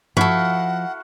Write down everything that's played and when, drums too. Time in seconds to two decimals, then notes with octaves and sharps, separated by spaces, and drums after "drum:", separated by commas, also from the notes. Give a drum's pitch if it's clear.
0.17 F3 E4 F#4 A4 F5 F#5, drum: tom G2